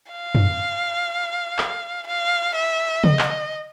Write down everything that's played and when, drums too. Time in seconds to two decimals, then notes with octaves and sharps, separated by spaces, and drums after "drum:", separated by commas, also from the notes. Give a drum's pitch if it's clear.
0.12 F5
0.35 drum: tom
1.58 drum: clap
2.07 F5
2.55 E5
3.04 D#5, drum: tom
3.19 drum: clap